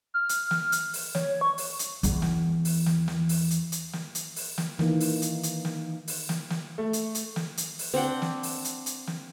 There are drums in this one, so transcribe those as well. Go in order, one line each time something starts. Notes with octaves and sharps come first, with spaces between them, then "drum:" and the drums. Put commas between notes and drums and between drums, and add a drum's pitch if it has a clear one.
F6
drum: hi-hat
drum: snare
drum: hi-hat
drum: open hi-hat
C#5, drum: snare
C#6
drum: open hi-hat
drum: hi-hat
E2 E3, drum: hi-hat
drum: snare
drum: open hi-hat
drum: snare
drum: snare
drum: open hi-hat
drum: hi-hat
drum: hi-hat
drum: snare
drum: hi-hat
drum: open hi-hat
drum: snare
D#3 E3 A#3, drum: snare
drum: open hi-hat
drum: hi-hat
drum: hi-hat
drum: snare
drum: open hi-hat
drum: snare
drum: snare
A3
drum: hi-hat
drum: hi-hat
drum: snare
drum: hi-hat
drum: open hi-hat
C4 D4 F#5 G5
drum: snare
drum: open hi-hat
drum: hi-hat
drum: hi-hat
drum: snare